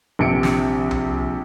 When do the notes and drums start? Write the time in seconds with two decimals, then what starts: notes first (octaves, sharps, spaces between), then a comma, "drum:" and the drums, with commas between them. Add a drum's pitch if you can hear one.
0.19 A#1 C3 C#7 D7
0.43 drum: snare
0.91 drum: tom C2